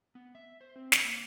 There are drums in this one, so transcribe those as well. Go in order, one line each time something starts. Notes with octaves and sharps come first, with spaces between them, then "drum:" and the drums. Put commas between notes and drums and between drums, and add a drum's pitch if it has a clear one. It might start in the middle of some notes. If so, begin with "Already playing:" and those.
B3
E5
C5
C4
D3, drum: snare
A#3